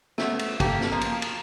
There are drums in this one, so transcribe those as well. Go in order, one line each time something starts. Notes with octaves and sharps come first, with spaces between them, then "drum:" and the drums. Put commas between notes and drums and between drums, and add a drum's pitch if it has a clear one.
A3 B3, drum: snare
drum: cymbal
A#3 G4 A4, drum: kick, cymbal
drum: snare
F3 A#3
drum: cymbal
drum: cymbal